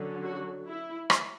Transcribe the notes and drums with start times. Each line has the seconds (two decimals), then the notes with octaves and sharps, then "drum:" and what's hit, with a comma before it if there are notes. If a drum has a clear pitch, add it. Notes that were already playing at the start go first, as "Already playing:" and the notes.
Already playing: D3 F#3 C#4
0.24 F#4
0.68 E4
1.10 drum: rim click